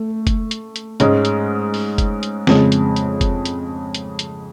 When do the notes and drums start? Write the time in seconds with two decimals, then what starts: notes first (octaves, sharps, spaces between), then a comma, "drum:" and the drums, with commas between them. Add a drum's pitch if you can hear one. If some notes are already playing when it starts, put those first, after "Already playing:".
Already playing: A3
0.27 drum: kick F#1, hi-hat
0.51 drum: hi-hat
0.76 drum: hi-hat
1.00 G#2 G#3 C#4, drum: hi-hat
1.25 drum: hi-hat
1.74 drum: open hi-hat
1.98 drum: kick F#1, hi-hat
2.23 drum: hi-hat
2.47 F2 C#3 G#3, drum: snare
2.72 drum: hi-hat
2.96 drum: hi-hat
3.21 drum: kick F#1, hi-hat
3.45 drum: hi-hat
3.95 drum: hi-hat
4.19 drum: hi-hat